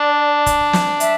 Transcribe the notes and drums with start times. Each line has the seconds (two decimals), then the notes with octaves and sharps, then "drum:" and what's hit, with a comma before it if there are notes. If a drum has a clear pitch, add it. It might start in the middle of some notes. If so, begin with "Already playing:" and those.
Already playing: D4 D5
0.46 drum: kick, hi-hat
0.73 drum: snare
1.00 E5, drum: hi-hat